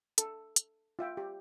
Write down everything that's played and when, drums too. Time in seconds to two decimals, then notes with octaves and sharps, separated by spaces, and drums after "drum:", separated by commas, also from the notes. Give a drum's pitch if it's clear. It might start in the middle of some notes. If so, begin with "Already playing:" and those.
0.18 A4, drum: hi-hat
0.56 drum: hi-hat
0.99 F4 E5 G5
1.17 G4